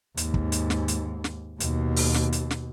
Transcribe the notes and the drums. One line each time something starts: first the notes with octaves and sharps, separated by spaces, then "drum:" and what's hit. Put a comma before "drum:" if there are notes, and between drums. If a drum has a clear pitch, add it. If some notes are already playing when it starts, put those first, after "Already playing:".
D#2 G#2, drum: hi-hat
drum: kick
drum: hi-hat
drum: snare
drum: hi-hat
drum: snare
D#2 B2, drum: hi-hat
drum: open hi-hat
drum: snare
drum: hi-hat
drum: snare